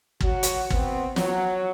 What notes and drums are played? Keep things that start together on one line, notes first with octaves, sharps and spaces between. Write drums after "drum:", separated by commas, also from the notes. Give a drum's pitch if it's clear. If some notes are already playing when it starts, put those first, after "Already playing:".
F#3 F#4, drum: kick
drum: hi-hat
B3 C4, drum: kick
F#3, drum: snare